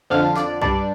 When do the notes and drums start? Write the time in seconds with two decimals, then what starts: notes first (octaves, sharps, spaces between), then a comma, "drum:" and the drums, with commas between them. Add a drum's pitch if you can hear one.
0.10 F2 D3 F3 D4 F5
0.36 D5, drum: snare
0.62 G2 G3 D4 D5, drum: kick B1